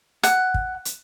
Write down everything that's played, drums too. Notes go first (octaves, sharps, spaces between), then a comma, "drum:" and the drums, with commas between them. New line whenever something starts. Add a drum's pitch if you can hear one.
F#5, drum: hi-hat
drum: kick
drum: hi-hat